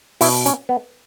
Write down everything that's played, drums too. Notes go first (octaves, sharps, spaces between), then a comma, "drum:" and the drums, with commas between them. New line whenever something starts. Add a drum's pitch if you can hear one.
B2 E4, drum: open hi-hat
C#4, drum: hi-hat
B3